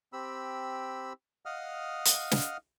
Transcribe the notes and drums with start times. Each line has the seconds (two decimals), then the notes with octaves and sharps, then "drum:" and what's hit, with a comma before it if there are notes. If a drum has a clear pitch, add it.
0.13 C4 G4 B5 E6
1.46 D#5 F5 F#5 D#6 F6
2.05 drum: hi-hat
2.31 drum: snare